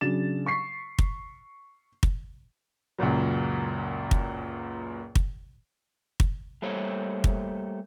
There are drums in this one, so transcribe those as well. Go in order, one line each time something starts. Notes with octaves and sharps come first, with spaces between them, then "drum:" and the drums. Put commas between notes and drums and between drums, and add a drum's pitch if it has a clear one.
C#3 F#3 D4 A6 E7
C#6 B6 C7
drum: kick
drum: kick
C#2 F#2 A#2 F#3
drum: kick
drum: kick
drum: kick
G3 A3 A#3 G4 C5 C#5
drum: kick